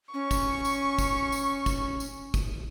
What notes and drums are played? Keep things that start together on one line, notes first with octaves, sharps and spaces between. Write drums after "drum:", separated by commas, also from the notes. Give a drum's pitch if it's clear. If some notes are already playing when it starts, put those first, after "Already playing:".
C#4 C#6
drum: kick, tambourine
drum: tambourine
drum: kick, tambourine
drum: tambourine
drum: kick, tambourine
drum: tambourine
drum: kick, tambourine